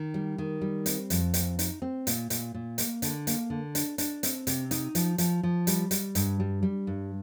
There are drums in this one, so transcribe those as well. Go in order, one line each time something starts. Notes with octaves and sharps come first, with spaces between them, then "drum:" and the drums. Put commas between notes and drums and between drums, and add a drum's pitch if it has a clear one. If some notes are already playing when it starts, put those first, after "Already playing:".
Already playing: D#3
G3
D#3
G3
C4, drum: hi-hat
F2, drum: hi-hat
C4, drum: hi-hat
D#4, drum: hi-hat
C4
A#2, drum: hi-hat
A#2, drum: hi-hat
A#2
A#3, drum: hi-hat
D3, drum: hi-hat
A#3, drum: hi-hat
D3
D4, drum: hi-hat
D4, drum: hi-hat
C4, drum: hi-hat
C3, drum: hi-hat
D#4, drum: hi-hat
F3, drum: hi-hat
F3, drum: hi-hat
F3
G3, drum: hi-hat
G3, drum: hi-hat
G2, drum: hi-hat
G3
G3
G2